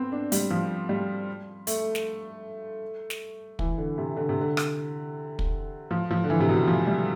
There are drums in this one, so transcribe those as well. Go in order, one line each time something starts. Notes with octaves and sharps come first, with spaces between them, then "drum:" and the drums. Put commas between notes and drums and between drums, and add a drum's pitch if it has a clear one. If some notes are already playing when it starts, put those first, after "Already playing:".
Already playing: B3 C4
D4
G3, drum: hi-hat
F3
G3
A3, drum: hi-hat
drum: snare
drum: snare
E3, drum: kick
D3
C3
D3
C3
D3
drum: rim click
drum: kick
F3
F3
D3
E3
C3
B2
F3
G3